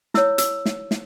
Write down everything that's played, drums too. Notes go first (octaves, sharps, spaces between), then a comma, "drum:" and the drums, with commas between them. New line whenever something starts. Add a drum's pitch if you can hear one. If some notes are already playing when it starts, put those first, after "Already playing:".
E4 C#5 E6, drum: snare
E6, drum: hi-hat
drum: snare
drum: snare